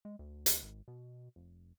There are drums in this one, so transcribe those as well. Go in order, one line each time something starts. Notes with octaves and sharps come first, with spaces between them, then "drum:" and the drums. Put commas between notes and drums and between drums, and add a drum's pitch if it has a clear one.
G#3
D2
drum: hi-hat
G#1
B2
F1